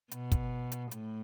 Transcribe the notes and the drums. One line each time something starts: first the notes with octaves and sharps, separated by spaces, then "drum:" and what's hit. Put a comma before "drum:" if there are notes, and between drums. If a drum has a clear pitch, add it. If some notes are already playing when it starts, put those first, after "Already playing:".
B2, drum: hi-hat
drum: kick, hi-hat
drum: hi-hat
A2, drum: hi-hat